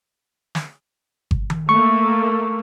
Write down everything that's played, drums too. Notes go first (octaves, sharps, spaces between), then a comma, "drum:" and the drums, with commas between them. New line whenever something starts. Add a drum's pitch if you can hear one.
drum: snare
drum: kick G1
drum: tom D#3
A3 A#3 C#6